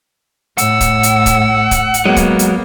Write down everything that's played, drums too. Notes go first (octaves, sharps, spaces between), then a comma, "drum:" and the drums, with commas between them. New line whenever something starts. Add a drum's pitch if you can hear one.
A2 F#5 E6, drum: hi-hat
drum: kick, hi-hat
drum: hi-hat
drum: kick, hi-hat
drum: kick, hi-hat
drum: hi-hat
F#3 G#3 A#3 B3
drum: kick, hi-hat
drum: hi-hat